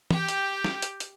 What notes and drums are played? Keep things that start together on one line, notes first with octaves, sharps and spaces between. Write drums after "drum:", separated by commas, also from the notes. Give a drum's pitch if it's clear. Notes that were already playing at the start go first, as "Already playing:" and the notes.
G4 G5, drum: tom
drum: hi-hat
drum: snare
drum: hi-hat
drum: hi-hat